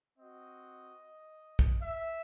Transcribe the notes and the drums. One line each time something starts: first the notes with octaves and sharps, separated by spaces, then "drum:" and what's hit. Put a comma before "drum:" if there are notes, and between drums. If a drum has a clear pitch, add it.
C4 F#4 D#5
drum: kick
E5